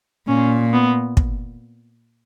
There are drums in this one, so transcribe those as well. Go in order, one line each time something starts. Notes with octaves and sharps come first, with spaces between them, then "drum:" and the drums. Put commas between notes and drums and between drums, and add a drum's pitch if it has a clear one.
A#2 C#4
B3
drum: kick